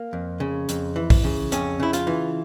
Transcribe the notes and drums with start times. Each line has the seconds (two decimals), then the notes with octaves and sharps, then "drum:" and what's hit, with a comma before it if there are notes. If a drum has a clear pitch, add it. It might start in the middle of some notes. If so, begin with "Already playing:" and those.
Already playing: A#3
0.13 F2
0.40 C#3
0.69 F2, drum: hi-hat
0.96 E3
1.10 drum: kick, open hi-hat
1.24 C#3
1.52 F2 C#4, drum: hi-hat
1.80 C#3 E4
1.93 F4, drum: hi-hat
2.07 E3